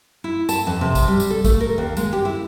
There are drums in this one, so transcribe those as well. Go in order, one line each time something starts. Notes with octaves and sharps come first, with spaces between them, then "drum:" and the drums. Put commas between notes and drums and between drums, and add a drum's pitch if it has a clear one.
E4
A5, drum: tambourine
F2
C3
drum: kick A1, tambourine
G3
drum: tambourine
A4
A3, drum: kick A1, tambourine
A#4
D#2
G#3, drum: tambourine
G4
E4